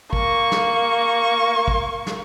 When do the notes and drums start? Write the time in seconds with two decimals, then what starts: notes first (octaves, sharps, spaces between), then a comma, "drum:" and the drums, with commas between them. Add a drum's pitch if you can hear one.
0.13 A#3 C#6, drum: kick
0.51 drum: snare
1.68 drum: kick
2.06 drum: snare